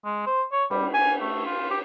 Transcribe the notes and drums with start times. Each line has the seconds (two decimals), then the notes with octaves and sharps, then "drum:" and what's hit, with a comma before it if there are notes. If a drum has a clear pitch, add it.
0.05 G#3
0.27 C5
0.52 C#5
0.71 G3, drum: cymbal
0.94 G#5
1.21 A3
1.46 F4
1.71 G4